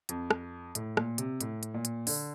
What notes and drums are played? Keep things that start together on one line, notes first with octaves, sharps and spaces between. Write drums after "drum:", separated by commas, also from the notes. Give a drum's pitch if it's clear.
F2, drum: hi-hat
drum: rim click
A2, drum: hi-hat
A#2, drum: rim click
C3, drum: hi-hat
A2, drum: hi-hat
drum: hi-hat
A#2
drum: hi-hat
D3, drum: open hi-hat